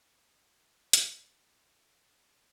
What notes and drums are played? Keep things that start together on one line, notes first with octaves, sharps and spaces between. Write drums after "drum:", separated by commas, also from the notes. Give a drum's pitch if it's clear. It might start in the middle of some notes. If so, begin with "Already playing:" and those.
A3
E4
E3, drum: hi-hat
C4
G#4
C#4
F4
F#4